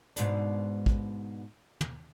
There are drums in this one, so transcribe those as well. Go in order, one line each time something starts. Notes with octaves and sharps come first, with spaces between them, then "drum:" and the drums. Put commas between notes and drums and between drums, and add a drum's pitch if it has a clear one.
G#2 B2 D4, drum: hi-hat
drum: kick
drum: tom